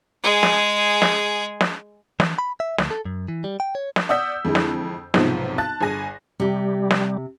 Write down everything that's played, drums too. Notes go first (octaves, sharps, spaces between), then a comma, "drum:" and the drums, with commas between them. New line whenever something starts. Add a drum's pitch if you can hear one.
G#3 G#4
drum: snare
drum: snare
drum: snare
E3, drum: snare
B5
E5
D2, drum: snare
A4
F#2
E3
G3
G5
C#5
drum: snare
D5 F#5 D#6 E6 G6 B6
F2 D3 E3 G#3
drum: snare
B1 G#2 C3 F3 B3, drum: snare
A5 F#6 A6
G1 G#4 G#5 A#6
C3 G3 G4
drum: snare